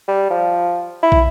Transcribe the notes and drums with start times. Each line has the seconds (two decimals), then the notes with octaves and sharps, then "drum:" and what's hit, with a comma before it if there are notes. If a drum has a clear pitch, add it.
0.08 G3
0.31 F3
1.03 E4
1.12 drum: kick